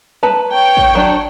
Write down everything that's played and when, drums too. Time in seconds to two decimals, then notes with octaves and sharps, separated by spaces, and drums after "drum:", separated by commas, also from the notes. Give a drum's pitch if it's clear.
0.23 B4 A5 A#5, drum: tom
0.53 C#5 G5
0.77 drum: kick
0.95 F#3 D4